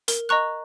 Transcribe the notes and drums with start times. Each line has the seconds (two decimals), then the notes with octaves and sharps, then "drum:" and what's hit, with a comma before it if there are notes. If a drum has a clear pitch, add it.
0.08 A#4, drum: hi-hat
0.29 D#5 A#5 C#6 F#6